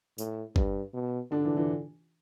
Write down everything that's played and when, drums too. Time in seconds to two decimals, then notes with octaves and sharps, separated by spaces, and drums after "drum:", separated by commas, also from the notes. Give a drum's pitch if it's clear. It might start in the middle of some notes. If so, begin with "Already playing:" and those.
0.18 A2, drum: tambourine
0.56 G2, drum: kick G#1
0.93 B2
1.31 D3 D4
1.45 E3
1.57 E3